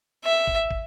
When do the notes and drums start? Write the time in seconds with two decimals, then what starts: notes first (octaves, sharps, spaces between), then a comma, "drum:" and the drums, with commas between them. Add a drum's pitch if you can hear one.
0.24 E5
0.47 drum: kick
0.71 drum: kick